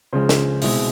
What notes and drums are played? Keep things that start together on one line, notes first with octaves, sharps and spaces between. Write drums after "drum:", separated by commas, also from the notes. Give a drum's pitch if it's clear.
C#2 C#3 F3 G#3 C5
drum: snare
C2 B2 G#3 C4, drum: open hi-hat